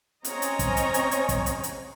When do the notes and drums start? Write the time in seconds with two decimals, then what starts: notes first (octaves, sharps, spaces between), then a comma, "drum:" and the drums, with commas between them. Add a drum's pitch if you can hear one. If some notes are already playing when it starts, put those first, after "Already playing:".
0.25 C4 C#4 C#5 D#5 G#5 A#5, drum: hi-hat
0.42 drum: hi-hat
0.59 drum: kick, hi-hat
0.77 drum: hi-hat
0.94 drum: hi-hat
1.11 drum: hi-hat
1.29 drum: kick, hi-hat
1.46 drum: hi-hat
1.63 drum: hi-hat